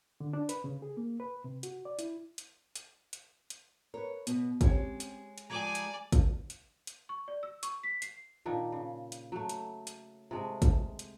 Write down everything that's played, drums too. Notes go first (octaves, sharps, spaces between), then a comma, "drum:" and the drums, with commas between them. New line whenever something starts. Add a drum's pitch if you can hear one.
D3
D4
B4, drum: hi-hat
C#3
G#4
A#3
B4
C3
F#4, drum: hi-hat
D5
E4, drum: hi-hat
drum: hi-hat
drum: hi-hat
drum: hi-hat
drum: hi-hat
A#4 B4 C#5
B2 B3, drum: hi-hat
G#3 C4 C#4 G4 C#5, drum: kick, hi-hat
drum: hi-hat
drum: hi-hat
F3 G3 G#3 D5 G#5 A#5 G#6
drum: hi-hat
drum: kick, hi-hat
drum: hi-hat
drum: hi-hat
C#6
D5
E6
C#6, drum: hi-hat
B6
C7, drum: hi-hat
A#2 D#3 D4
C#3
drum: hi-hat
F#3 A3
drum: hi-hat
drum: hi-hat
C3 G#3 A3
drum: kick, hi-hat
drum: hi-hat